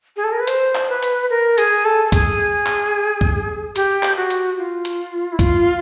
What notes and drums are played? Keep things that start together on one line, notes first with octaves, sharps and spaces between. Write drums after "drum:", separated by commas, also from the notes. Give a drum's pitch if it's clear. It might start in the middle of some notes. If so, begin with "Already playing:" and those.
G#4
A4
A#4
B4
C5, drum: hi-hat
drum: clap
B4
drum: hi-hat
A#4
G#4, drum: hi-hat
A4
A4
G#4, drum: kick, hi-hat
drum: clap
drum: kick
G4, drum: hi-hat
drum: clap
F#4
drum: hi-hat
F4
drum: hi-hat
E4
F4, drum: kick, hi-hat